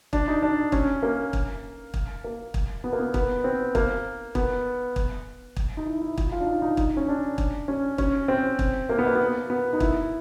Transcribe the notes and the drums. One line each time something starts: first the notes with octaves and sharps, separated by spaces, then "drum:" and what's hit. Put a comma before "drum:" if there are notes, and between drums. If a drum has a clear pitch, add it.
D4, drum: kick
D#4
D4
C#4, drum: kick
A#3
drum: kick
drum: kick
A#3
drum: kick
B3
A#3
B3
B3, drum: kick
C4
A#3, drum: kick
B3, drum: kick
drum: kick
drum: kick
D#4
E4
E4
F4, drum: kick
F4
D4
D#4
D#4
D#4, drum: kick
C#4
D4
drum: kick
C#4
C#4, drum: kick
C4
drum: kick
A#3
B3
A#3
B3
A#3
B3
D#4
E4, drum: kick